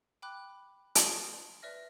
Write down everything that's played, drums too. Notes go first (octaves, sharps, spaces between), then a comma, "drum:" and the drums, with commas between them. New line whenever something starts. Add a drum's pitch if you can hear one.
G5 B5 D6 F#6
A5 C6 D#6, drum: hi-hat
B4 D5 E5 F6 A#6